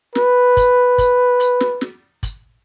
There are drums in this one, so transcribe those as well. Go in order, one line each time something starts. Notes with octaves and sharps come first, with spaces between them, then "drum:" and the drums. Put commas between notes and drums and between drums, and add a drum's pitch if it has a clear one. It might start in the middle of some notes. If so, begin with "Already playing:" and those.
B4, drum: snare
drum: kick, hi-hat
drum: kick, hi-hat
drum: hi-hat
drum: snare
drum: snare
drum: kick, hi-hat